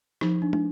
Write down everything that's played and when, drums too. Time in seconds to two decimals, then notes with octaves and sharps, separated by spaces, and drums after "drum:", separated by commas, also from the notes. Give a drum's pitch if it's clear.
0.21 F3 D#4, drum: rim click
0.42 D4
0.53 D4, drum: tom